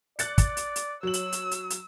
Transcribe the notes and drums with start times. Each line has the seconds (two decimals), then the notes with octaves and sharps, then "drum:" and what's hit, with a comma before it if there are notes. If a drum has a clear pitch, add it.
0.19 D5 F#6 A6 C#7, drum: hi-hat
0.38 drum: kick, hi-hat
0.57 drum: hi-hat
0.76 drum: hi-hat
1.03 F#3 C#5 E6 F#7
1.14 drum: hi-hat
1.32 drum: hi-hat
1.51 drum: hi-hat
1.70 drum: hi-hat